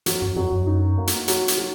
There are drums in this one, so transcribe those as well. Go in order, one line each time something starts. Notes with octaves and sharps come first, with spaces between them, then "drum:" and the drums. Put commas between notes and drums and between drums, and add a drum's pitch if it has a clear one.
F2 F#3, drum: hi-hat
F#2
F2 F#3
F#2
D#4
A#3
drum: hi-hat
F#3, drum: hi-hat
drum: hi-hat
F#3